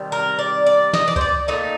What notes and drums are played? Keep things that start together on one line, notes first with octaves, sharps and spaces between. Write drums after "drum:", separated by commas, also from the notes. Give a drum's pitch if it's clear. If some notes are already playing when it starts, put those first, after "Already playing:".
Already playing: C3 D#3 G3
A#4
D5
D5
D#5, drum: snare
D5
C5, drum: kick
D5
A#2 A3 D#4